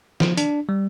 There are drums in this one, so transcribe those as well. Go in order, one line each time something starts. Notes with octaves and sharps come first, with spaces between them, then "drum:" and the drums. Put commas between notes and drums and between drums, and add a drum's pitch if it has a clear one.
F3, drum: snare
D4, drum: hi-hat
G3